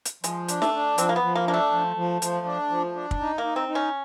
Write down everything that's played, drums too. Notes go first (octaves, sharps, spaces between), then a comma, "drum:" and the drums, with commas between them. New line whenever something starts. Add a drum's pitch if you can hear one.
drum: hi-hat
F3 G#3, drum: hi-hat
D4, drum: hi-hat
A3, drum: snare
D4
F3 C4, drum: hi-hat
A#3
B3
F3
A#3
A#3 D4
A3
F3
F3
F3, drum: hi-hat
D4
F3
D4
drum: kick
D#4
A#3
D#4
C4
D#4
C#4